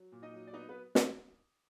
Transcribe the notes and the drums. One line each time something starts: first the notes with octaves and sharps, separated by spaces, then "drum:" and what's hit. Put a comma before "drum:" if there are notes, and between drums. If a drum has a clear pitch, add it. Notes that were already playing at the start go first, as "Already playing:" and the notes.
Already playing: F#3
A#2
D#4 D#5
F#3
D5
B3 D#4 D#5
B3 B4
drum: snare